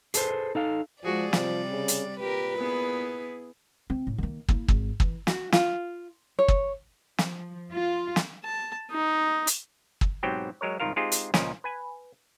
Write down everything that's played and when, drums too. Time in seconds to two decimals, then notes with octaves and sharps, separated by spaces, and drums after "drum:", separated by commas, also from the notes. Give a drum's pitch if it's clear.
0.14 G#4 A4 B4 C5, drum: hi-hat
0.55 D#4 A4 F5
1.03 F3 G#3 F#4 G#4 D5
1.33 C3 F3 G3, drum: snare
1.71 C#3
1.88 drum: hi-hat
2.20 A#2 G4 A#4 B4
2.57 B3 E4 G#4
3.90 C4
4.07 A2
4.18 D#3 A#3
4.49 A#3 E4, drum: kick
4.68 G#1, drum: kick
5.00 E3, drum: kick
5.27 F#4, drum: snare
5.52 F4, drum: snare
6.39 C#5
6.48 drum: kick
7.18 F3, drum: snare
7.72 F4
8.16 drum: snare
8.44 A5
8.91 D#4
9.47 drum: hi-hat
10.01 drum: kick
10.23 G#2 B2 F#3 C4 G4 G5
10.61 F#3 G#3 A#4 C#5
10.80 C2 G#2 D#3 F4 A#4 F5
10.96 G#3 C4 D#4 F4 G4 G#4
11.12 drum: hi-hat
11.34 C#2 A#2 F3 C#4 A#4 D#5, drum: snare
11.64 B4 G#5